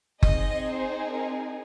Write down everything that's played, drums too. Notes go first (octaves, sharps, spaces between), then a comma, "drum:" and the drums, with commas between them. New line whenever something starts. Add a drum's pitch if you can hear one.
C4 D#4 G#4 D#5, drum: kick F#1
C5
A#4